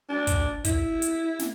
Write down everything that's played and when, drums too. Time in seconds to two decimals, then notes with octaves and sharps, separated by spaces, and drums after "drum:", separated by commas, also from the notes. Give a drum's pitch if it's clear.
0.09 D4
0.27 drum: kick, hi-hat
0.65 E4, drum: kick, hi-hat
1.02 drum: hi-hat
1.39 drum: snare